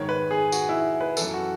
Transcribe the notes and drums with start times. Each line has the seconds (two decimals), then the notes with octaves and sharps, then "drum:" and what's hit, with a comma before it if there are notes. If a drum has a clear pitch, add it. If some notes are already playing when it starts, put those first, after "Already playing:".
Already playing: G#2 D#3 C#5
0.09 B4
0.31 G#4
0.52 F#4, drum: tambourine
0.69 E4
1.01 B4
1.17 F#2 E3 A4, drum: tambourine
1.34 F#4